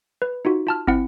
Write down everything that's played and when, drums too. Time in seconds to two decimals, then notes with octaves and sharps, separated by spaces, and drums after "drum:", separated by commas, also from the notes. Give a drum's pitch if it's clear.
0.22 B4
0.45 D#4 F4 F#4
0.67 F4 A5 F6
0.87 C4 E4 F#5, drum: kick